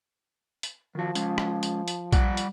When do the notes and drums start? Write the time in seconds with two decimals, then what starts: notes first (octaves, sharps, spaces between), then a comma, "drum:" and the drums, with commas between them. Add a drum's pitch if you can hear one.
0.63 drum: hi-hat
0.95 D#3 F3 F#4
1.15 G#3 C#4, drum: hi-hat
1.38 drum: rim click
1.63 drum: hi-hat
1.88 drum: hi-hat
2.12 G3 D5 F#5, drum: kick B1, hi-hat
2.37 drum: hi-hat